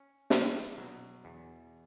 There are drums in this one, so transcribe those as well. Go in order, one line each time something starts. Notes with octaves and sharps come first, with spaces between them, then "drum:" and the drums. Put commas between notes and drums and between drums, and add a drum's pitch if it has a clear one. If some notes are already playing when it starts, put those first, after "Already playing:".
Already playing: C#4
F#3, drum: snare
B2 F#3
E2